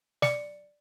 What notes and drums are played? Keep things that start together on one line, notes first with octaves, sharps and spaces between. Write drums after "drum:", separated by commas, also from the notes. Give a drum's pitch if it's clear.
D5 C#7, drum: snare